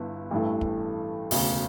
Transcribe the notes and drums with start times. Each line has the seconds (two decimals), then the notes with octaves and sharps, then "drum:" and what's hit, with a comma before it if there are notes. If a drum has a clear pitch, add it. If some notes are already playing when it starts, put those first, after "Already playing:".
Already playing: G1 G2 B3 E4
0.31 A1 G2 E3 A3
0.61 drum: kick
1.31 E1 D2 C#3, drum: open hi-hat